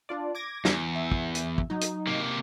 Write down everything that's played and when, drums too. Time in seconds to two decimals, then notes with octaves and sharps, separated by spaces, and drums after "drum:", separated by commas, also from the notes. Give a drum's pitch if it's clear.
0.09 D4 F4 D5
0.35 D6 G#6 A#6
0.65 E2, drum: snare
0.95 E5
1.11 drum: kick
1.35 drum: hi-hat
1.58 drum: kick
1.70 F#3 D#4
1.81 drum: hi-hat
2.07 C3 A#3